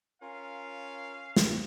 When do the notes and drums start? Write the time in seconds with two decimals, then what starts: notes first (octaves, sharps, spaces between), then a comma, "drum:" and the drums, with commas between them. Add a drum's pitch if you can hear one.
0.22 C#4 F4 A#4 F5
1.36 drum: snare